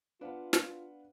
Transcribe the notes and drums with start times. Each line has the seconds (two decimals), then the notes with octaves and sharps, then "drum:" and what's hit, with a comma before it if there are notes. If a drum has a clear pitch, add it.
0.21 B3 D4 F4 B4 F5 F#5
0.53 drum: snare